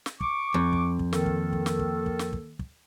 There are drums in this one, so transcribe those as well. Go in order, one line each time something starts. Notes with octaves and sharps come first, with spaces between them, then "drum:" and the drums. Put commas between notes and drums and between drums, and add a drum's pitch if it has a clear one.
drum: snare
C#6 D6, drum: kick
F2
drum: kick
drum: kick
D#3 A#3 A4, drum: snare
drum: kick
drum: kick
drum: snare
drum: kick
drum: kick
drum: snare
drum: kick
drum: kick